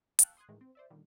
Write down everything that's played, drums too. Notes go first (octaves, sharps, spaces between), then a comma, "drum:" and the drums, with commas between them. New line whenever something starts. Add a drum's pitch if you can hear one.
F5 G5 A5 E6 F#6, drum: hi-hat
C6 D#6 F#6 G#6
A2 D#3 E3 G#3
C4
C5 D5 E5
A#2 D3 D#3 G3